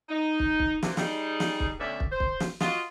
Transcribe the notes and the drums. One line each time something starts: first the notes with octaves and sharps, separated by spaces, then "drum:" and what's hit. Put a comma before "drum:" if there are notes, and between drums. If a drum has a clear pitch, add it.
D#4
drum: kick
drum: kick
C3 E3 A#3, drum: snare
G3 D#4 G#4, drum: snare
drum: snare
drum: kick
D2 D3 B3 C#4 D5 E5
drum: kick
C5
drum: kick
drum: snare
F4 F#4 D#5, drum: snare